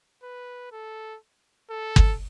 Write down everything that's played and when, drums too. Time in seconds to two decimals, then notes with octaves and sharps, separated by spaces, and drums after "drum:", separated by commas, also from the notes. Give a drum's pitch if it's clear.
0.23 B4
0.72 A4
1.70 A4
1.96 drum: kick